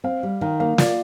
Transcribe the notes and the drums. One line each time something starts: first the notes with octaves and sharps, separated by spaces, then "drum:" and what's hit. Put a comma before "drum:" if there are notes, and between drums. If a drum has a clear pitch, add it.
C4 F5
G3
D#3 F5
A#3 F5
F4 D5, drum: snare